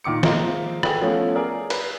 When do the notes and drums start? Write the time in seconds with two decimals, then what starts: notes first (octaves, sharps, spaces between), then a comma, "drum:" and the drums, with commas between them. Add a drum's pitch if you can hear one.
0.04 A#2 D#3 D6 C#7
0.23 F3 G#3 A#3 C5 D#5 E5, drum: snare
0.83 F#4 G#4 A4 B4 G5, drum: rim click
1.01 F3 A3 B3 C#4 E4
1.35 G#4 A#4 D5
1.70 B4, drum: cymbal